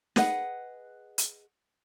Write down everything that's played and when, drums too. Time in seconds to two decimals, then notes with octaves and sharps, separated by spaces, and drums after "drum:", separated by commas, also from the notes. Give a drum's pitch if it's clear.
0.16 G#4 B4 D#5 F#5, drum: snare
1.18 drum: hi-hat